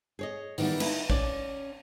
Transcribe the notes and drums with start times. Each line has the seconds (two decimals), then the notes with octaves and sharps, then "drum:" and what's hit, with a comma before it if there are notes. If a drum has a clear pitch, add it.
0.19 G#4 C#5 D#5
0.58 D#3 E3 G3 B3 D4, drum: open hi-hat
0.80 D#4 E4 B4, drum: cymbal
1.10 C#4 D5, drum: kick